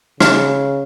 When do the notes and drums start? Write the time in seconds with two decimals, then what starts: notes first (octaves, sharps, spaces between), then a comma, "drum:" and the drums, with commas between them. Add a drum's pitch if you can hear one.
0.20 C#3 F6, drum: rim click